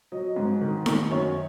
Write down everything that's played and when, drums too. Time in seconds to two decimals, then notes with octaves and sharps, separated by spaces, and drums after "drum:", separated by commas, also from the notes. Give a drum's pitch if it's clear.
0.12 F#3 D#5
0.36 G#2
0.61 D#3
0.86 D#3, drum: snare D#4
1.11 F#2 C#5